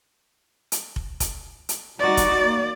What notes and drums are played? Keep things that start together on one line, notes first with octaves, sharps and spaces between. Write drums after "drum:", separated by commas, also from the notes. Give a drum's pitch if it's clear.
drum: hi-hat
drum: kick F1
drum: kick F1, hi-hat
drum: hi-hat
G3 D#4 F#4 D5
drum: kick F1, hi-hat
A#3